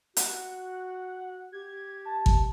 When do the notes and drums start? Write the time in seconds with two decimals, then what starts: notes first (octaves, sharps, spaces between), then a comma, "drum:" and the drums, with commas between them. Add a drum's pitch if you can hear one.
0.17 F#4 F#5, drum: hi-hat
1.52 G4 G#6
2.06 A5
2.26 drum: kick